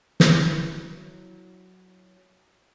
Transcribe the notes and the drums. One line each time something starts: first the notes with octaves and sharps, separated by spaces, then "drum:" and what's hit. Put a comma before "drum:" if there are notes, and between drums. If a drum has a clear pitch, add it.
F#3 E4, drum: snare